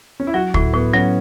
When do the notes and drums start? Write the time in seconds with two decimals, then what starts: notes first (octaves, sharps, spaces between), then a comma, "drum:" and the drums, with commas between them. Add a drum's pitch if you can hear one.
0.20 C#4
0.27 E4
0.34 F#3 F#4
0.54 A2 E4, drum: kick
0.73 A2 B3
0.94 F#3 C#4